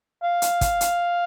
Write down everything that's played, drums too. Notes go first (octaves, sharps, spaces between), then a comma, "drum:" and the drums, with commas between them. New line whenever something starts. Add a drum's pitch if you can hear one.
F5
drum: hi-hat
drum: kick, hi-hat
drum: hi-hat